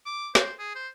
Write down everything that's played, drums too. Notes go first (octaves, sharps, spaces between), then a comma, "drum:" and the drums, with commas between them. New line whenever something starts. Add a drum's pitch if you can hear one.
D6
C5, drum: snare
G#4
C5